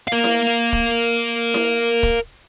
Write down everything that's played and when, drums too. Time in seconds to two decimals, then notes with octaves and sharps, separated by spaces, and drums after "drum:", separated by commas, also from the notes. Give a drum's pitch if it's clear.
0.08 A#4 F5
0.24 drum: snare E4
0.73 drum: kick
1.54 drum: snare E4
2.03 drum: kick